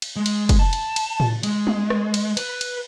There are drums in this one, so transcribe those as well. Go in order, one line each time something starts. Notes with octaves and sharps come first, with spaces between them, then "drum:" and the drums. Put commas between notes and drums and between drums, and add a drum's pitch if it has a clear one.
drum: cymbal
G#3
drum: cymbal
drum: kick, cymbal
A5
drum: cymbal
drum: cymbal
drum: tom A2
G#3, drum: cymbal
drum: tom G3
drum: rim click
drum: cymbal
B4, drum: cymbal
drum: cymbal